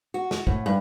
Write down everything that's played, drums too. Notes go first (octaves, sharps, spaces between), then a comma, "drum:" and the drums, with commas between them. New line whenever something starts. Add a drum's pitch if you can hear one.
F#4
drum: snare
A2, drum: kick
G2